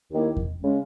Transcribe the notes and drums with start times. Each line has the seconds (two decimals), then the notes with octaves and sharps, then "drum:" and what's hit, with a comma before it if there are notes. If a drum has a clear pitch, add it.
0.11 D#2 D#3 A#3 E4
0.37 drum: kick E2
0.62 C#3 G#3 C#4